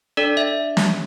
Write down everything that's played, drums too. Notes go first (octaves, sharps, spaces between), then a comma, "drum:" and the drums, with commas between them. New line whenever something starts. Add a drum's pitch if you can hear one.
D4 A4 D5
E5
drum: snare